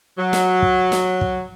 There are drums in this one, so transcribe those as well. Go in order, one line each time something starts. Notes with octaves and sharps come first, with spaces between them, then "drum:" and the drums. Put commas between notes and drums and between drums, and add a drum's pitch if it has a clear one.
F#3
drum: snare
drum: kick
drum: snare
drum: kick